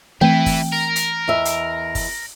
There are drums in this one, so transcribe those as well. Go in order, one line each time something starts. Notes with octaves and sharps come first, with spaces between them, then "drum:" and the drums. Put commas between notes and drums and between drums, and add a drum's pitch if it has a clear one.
E3 A3 C4 E4 B4 G5
drum: kick F#1, open hi-hat
A#4
drum: hi-hat
E2 D#5 E5
drum: hi-hat
drum: kick F#1, open hi-hat